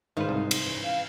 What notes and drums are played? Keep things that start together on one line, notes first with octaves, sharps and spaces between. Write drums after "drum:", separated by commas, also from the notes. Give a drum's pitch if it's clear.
G#2 D#3 D#4 B4 C5 F5
C2
drum: cymbal
E3 C#4
F5